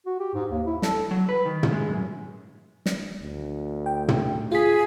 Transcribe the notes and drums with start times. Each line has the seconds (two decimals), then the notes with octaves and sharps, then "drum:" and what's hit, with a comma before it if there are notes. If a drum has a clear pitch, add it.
0.06 F#4
0.20 G4
0.34 G#2
0.51 D#2
0.66 E4
0.82 A4, drum: snare
1.11 F#3
1.29 B4
1.45 D#3
1.63 drum: tom
1.72 G#3
1.89 F#2
2.86 drum: snare
3.22 D2
3.86 G5
4.08 drum: tom
4.52 F4 G#4 B6